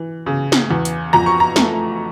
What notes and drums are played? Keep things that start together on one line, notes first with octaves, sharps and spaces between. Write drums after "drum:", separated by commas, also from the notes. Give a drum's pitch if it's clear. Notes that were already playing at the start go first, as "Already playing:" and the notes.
Already playing: E3
C#3
drum: snare
E2
drum: hi-hat
F2 A#5
C#6
A#5
A3, drum: snare